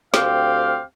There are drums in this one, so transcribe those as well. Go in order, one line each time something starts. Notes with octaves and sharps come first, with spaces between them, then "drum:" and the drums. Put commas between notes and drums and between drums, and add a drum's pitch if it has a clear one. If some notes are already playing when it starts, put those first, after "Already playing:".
D2 C4 G4 F5, drum: snare